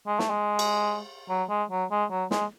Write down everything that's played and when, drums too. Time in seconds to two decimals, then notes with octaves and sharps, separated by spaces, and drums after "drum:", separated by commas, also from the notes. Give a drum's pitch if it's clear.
0.07 G#3
0.19 A3, drum: snare
0.30 G#3
0.59 drum: cymbal
1.29 F#3
1.49 G#3
1.71 F#3
1.91 G#3
2.11 F#3
2.31 G#3, drum: snare